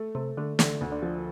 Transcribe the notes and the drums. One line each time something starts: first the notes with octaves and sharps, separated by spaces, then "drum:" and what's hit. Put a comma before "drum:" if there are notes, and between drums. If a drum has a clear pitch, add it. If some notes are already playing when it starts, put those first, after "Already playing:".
Already playing: A3
C3 A3
D3 A3
D3 A3, drum: snare
D2
D3
F3